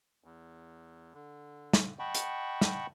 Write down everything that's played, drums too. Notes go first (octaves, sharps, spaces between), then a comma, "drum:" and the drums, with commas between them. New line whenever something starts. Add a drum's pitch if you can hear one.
E2
D3
drum: snare
D#5 F#5 G5 A5 B5 C#6
drum: hi-hat
drum: snare